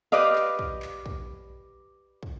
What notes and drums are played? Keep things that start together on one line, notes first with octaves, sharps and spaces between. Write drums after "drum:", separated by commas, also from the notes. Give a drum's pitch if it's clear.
G4 B4 D5 D#5 F5
drum: clap
drum: kick
drum: clap
drum: kick
drum: kick